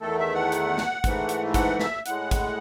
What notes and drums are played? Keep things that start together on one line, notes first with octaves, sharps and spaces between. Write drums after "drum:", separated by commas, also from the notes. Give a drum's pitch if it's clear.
E2 D#3 A3 A4
E5
F#5
drum: hi-hat
drum: snare
G#2 E3 A3, drum: kick G#1, hi-hat
drum: hi-hat
F#5, drum: kick G#1, hi-hat
E5, drum: snare
A2 G#3 F#5, drum: hi-hat
drum: kick G#1, hi-hat